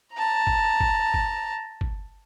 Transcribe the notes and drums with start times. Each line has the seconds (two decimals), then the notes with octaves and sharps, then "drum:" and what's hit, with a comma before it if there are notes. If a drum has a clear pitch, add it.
0.13 A5 A#5
0.47 drum: kick
0.80 drum: kick
1.14 drum: kick
1.81 drum: kick